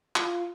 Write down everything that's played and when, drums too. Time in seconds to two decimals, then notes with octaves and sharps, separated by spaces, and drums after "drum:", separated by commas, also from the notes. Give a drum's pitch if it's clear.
0.16 F4, drum: clap